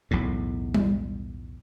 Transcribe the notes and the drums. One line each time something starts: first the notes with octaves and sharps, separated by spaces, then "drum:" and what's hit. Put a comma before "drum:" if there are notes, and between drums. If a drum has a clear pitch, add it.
B1 E2 A2
drum: tom G3